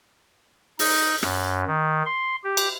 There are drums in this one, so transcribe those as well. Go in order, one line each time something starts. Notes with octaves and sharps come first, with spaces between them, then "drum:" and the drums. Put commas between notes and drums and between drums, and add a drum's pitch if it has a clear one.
D#4, drum: open hi-hat
F#2, drum: rim click
D#3
C6
G4
drum: cymbal